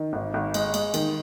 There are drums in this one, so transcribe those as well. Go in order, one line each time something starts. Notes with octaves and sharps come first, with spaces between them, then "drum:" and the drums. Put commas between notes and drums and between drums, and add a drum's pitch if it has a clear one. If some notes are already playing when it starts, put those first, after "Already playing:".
Already playing: D#3
G#1
G#1
G#3, drum: cymbal
G#3, drum: cymbal
D#3, drum: cymbal